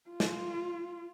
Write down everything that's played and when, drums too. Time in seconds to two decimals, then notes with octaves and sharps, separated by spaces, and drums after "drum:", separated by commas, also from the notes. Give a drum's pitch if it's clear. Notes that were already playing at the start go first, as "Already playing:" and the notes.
0.10 F4
0.20 drum: snare